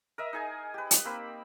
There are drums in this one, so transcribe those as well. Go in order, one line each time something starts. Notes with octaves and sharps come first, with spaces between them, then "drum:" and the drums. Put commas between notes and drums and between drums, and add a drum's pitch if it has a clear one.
A#4 D#5 E5
D#4 G#4 G#5
G4 B4
drum: hi-hat
A#3 C4 B5